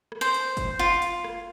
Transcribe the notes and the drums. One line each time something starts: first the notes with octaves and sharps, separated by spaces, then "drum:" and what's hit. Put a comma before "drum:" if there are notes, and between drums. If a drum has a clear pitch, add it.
drum: rim click
C5
drum: hi-hat
drum: kick F#1, hi-hat
F4
drum: hi-hat
drum: rim click